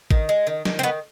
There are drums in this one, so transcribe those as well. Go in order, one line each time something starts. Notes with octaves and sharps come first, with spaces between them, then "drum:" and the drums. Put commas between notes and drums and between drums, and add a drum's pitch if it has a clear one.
D#3, drum: kick A1
G#3
D#3
D#3, drum: snare
C4
D#3 B3